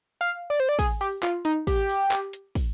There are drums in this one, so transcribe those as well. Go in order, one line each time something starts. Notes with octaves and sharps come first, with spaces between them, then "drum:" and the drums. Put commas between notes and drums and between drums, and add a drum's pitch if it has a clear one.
F5
D5
C5
D5
G#4, drum: kick, open hi-hat
G4, drum: open hi-hat
F4, drum: clap
D#4, drum: hi-hat
G4, drum: kick, open hi-hat
drum: open hi-hat
drum: clap
drum: hi-hat
drum: kick, open hi-hat